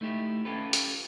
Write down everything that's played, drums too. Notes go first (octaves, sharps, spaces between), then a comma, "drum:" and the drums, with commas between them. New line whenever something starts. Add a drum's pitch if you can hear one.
A3 D#4 E4 G4
C#4 F4 G4 A4 B4
drum: hi-hat